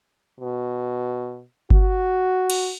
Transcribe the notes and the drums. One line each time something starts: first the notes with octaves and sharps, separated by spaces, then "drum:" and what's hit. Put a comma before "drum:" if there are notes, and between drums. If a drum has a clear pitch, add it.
B2
F#4, drum: kick G1
drum: cymbal